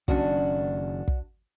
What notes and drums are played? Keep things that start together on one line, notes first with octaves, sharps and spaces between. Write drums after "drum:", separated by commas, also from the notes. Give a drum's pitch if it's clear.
F#1 D#3 C#4 D4 F#4, drum: kick
drum: kick